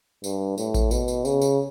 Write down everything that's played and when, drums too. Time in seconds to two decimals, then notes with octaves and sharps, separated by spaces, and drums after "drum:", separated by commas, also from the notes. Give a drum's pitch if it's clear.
0.24 G2, drum: tambourine
0.58 A2, drum: tambourine
0.74 drum: kick A1, tambourine
0.91 B2, drum: tambourine
1.08 drum: tambourine
1.25 C#3, drum: tambourine
1.41 drum: tambourine